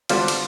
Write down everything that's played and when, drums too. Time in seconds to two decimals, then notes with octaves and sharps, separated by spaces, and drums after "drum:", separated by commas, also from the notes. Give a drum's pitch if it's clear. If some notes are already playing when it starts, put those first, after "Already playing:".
0.09 D3 G3 D4 F4 C5, drum: cymbal
0.28 drum: cymbal